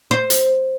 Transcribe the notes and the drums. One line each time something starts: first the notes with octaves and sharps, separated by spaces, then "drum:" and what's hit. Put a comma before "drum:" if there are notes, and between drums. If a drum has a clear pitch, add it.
C5
drum: hi-hat